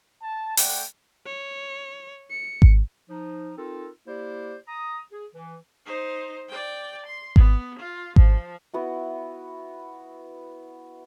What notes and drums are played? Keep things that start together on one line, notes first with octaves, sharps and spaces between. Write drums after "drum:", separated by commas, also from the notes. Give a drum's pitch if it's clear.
A5
A3 D5 F#5 G5, drum: open hi-hat
C#5
C#7
drum: kick G#1
F3 D#4
C4 D#4 F4 A4 A#4
A#3 E4 G4 C5 D5
A#5 D#6
G#4
E3
D#4 C5
D5 G5
C6
B3, drum: kick G#1
F4
F3, drum: kick G#1
B3 E4 F#4